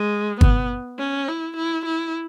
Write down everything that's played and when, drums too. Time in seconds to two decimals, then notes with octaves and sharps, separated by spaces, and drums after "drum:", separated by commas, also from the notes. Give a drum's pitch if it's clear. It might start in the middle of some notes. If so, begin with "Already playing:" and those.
Already playing: G#3
0.41 B3, drum: kick
0.99 C#4
1.28 E4
1.57 E4
1.86 E4